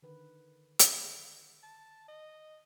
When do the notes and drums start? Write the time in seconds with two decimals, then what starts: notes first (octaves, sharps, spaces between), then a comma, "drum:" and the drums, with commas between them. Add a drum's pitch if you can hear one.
0.03 D3 D#3 B4
0.79 drum: hi-hat
1.63 A5
2.08 D#5